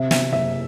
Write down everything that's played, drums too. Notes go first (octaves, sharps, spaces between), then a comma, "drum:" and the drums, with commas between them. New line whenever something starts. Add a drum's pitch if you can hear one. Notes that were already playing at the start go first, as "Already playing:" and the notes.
Already playing: C3 E5
E5, drum: snare
F#1 E5